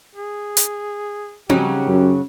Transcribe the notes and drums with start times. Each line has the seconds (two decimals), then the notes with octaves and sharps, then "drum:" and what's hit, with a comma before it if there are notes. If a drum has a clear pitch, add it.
0.15 G#4
0.57 drum: hi-hat
1.50 C#3 F#3 D#4 G4, drum: tom C4
1.88 F#2